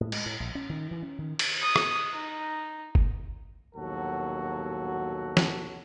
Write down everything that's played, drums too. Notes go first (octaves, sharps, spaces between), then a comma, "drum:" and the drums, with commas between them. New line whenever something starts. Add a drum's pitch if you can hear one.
A2
G#3, drum: cymbal
A2
A#1
C#4
D#3
E3
C#4
D#3
drum: cymbal
D#6
drum: rim click
D#4
drum: kick F#1
A#1 D#2 B2 F#3 F#4 A4
drum: snare